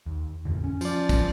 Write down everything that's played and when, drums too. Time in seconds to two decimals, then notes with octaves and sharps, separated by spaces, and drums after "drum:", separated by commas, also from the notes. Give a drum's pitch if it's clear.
0.06 D#2
0.45 A1 F2 D3
0.64 C#4
0.81 F3 D5, drum: tambourine
1.09 drum: kick, tambourine